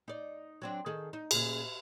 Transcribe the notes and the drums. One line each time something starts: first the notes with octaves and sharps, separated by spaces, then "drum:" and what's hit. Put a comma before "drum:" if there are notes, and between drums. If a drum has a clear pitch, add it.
D#4 D5
F#3 C4 D4
D#3 G#4 A4
D#4
A#2 C#3 G#4, drum: cymbal